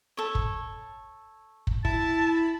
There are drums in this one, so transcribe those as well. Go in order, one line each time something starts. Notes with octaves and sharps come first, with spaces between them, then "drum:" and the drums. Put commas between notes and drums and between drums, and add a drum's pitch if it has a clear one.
A4 C#5
drum: kick
drum: kick
E4 A5, drum: kick